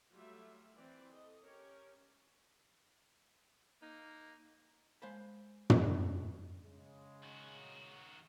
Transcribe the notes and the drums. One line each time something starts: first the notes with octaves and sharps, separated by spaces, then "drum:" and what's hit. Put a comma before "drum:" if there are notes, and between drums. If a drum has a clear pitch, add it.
F#3 G3 A3 F4 E5
E3 C4 D5
A4 D#5
C#4 G4 A#4 C#5
A#3 D#4
G#3 C5 F5 A5 B5
drum: tom
C#3 G#3
D#3 F#4